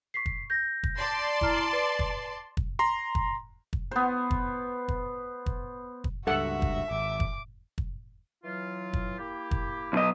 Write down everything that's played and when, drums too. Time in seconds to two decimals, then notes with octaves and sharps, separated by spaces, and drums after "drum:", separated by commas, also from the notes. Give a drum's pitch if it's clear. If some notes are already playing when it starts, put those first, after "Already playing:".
0.14 C#6 B6 C7
0.26 drum: kick
0.50 G6 A#6
0.83 drum: kick
0.98 D5 A5 C6
1.41 E4 A#5 F6, drum: kick
1.73 B4
1.99 drum: kick
2.57 drum: kick
2.79 A#5 C6
3.15 drum: kick
3.73 drum: kick
3.91 B3 C5
4.31 drum: kick
4.88 drum: kick
5.46 drum: kick
6.04 drum: kick
6.27 C#2 G2 F#4 A4 E5 F#5
6.62 drum: kick
6.91 G#1 D6
7.20 drum: kick
7.78 drum: kick
8.44 E3 F#3 F4
8.93 drum: kick
9.18 A#3 E4 G4
9.51 drum: kick
9.93 B1 D#5